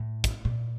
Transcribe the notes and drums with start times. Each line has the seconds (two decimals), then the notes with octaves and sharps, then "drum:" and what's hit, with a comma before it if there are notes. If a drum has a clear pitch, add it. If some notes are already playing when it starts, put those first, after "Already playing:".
Already playing: A2
0.24 drum: kick, hi-hat
0.45 A#2